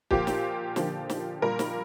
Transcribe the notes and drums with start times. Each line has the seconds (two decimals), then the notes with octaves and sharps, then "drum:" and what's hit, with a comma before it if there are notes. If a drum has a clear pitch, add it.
0.11 A#2 F3 A#3 G4, drum: kick
0.27 drum: snare
0.76 D3 F3 A#3, drum: snare
1.10 drum: snare
1.42 A#2 G3 A#3 A#4
1.59 drum: snare